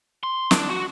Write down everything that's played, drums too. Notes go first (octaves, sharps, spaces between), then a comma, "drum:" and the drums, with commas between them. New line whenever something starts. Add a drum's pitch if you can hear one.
C6
D4, drum: snare
F#4